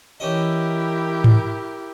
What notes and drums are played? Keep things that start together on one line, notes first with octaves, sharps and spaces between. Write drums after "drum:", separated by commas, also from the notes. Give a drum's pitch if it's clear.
E3 C#4 E4 G4 A#4 D#5
drum: tom G#2